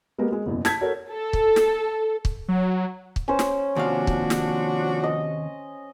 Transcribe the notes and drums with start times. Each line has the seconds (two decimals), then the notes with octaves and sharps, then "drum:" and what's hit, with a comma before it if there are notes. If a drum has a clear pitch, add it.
0.18 G#3 A#3 B3 G4 A#4
0.32 G#3
0.46 F#1 E2 B2
0.65 A5 G6 G#6 B6, drum: snare
0.81 F#4 A4 A#4 C#5
1.11 A4
1.33 drum: kick
1.56 drum: snare
2.25 drum: kick
2.48 F#3
3.16 drum: kick
3.28 C#4 C5
3.39 drum: snare
3.76 D#2 C3 F3 D4 F#4 F5
4.07 drum: kick
4.30 drum: snare
5.04 D#5